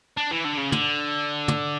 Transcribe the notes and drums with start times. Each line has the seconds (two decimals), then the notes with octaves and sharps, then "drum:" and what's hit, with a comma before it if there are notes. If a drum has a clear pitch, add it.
0.17 D4
0.31 E3
0.45 D3
0.58 C#3
0.72 D3, drum: tom
1.48 drum: tom